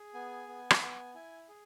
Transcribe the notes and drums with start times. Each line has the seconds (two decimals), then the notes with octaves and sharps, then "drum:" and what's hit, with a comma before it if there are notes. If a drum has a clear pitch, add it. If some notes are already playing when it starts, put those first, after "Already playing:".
Already playing: G#4
0.14 B3 G#5
0.48 B3
0.71 drum: rim click
0.81 B3
1.14 E4 G#5
1.48 G#4